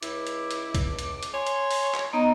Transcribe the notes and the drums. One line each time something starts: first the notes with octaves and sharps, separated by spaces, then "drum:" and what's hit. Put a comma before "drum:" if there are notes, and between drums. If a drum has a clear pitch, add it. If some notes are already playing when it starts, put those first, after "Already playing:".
C#2 E4 D6, drum: hi-hat
drum: hi-hat
drum: hi-hat
drum: kick, hi-hat
drum: hi-hat
drum: hi-hat
C#5 G#5 C6
drum: hi-hat
drum: open hi-hat
drum: clap
B3 D#4 D#5 A#5